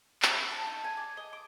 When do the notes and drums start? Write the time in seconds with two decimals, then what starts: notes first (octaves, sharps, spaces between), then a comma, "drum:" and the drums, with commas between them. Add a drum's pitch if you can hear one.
0.22 E4, drum: clap
0.35 B5
0.52 A5
0.67 D#4
0.84 G#5
0.97 D5
1.17 D#5
1.33 D6